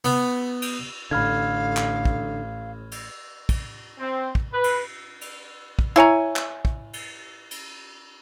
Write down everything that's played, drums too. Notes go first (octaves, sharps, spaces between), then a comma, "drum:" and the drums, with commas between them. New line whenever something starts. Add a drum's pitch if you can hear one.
B3, drum: cymbal
drum: cymbal
A1 D3 F5 B5 F6 G#6
drum: clap
drum: kick
drum: cymbal
drum: kick, cymbal
C4
drum: kick
B4
drum: cymbal
drum: cymbal
drum: kick
E4 C#5 G#5 A#5
drum: clap
drum: kick
drum: cymbal
drum: cymbal